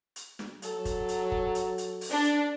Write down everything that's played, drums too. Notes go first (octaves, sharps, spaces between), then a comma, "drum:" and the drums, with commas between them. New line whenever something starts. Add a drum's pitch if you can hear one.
drum: hi-hat
drum: snare
F#3 A4, drum: hi-hat
drum: kick, hi-hat
drum: hi-hat
drum: kick
drum: hi-hat
drum: hi-hat
drum: open hi-hat
D4
drum: hi-hat